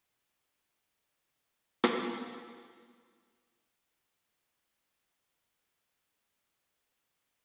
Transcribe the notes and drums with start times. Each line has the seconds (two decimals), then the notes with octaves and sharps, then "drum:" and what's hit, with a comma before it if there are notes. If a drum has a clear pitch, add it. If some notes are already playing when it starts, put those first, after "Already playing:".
0.18 A3 A#3 A4 D5
1.84 drum: rim click
2.38 G6
2.96 G6
3.63 D7
4.12 C7
6.35 G#5
6.57 A5
6.76 D5
6.96 D3
7.08 C#6
7.28 D6